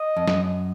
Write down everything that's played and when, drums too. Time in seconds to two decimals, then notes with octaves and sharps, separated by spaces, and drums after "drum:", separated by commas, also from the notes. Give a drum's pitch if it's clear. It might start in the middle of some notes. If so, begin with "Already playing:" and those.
Already playing: D#5
0.16 F2
0.28 F#2, drum: snare